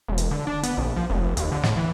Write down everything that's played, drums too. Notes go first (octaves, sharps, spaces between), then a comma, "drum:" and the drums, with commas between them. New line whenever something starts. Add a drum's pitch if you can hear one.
E1
drum: hi-hat
D3
D4
B3, drum: hi-hat
A#1
F3
F1
D#2, drum: hi-hat
D3
A2, drum: snare
E3